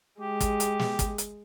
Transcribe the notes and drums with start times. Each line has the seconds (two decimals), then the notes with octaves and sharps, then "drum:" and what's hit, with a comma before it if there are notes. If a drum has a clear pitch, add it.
0.21 G#3 G4
0.41 drum: kick, hi-hat
0.60 drum: hi-hat
0.79 drum: snare
0.99 drum: kick, hi-hat
1.18 drum: hi-hat